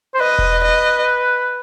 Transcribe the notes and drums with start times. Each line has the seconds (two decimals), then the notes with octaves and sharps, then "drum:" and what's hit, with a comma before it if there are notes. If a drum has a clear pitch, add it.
0.14 C5
0.20 B4 D#5
0.38 drum: kick E1
0.64 D#5